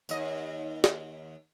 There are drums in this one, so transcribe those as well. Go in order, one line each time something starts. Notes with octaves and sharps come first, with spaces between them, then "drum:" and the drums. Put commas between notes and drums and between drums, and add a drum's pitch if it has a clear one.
D#2 D#5, drum: tambourine
drum: snare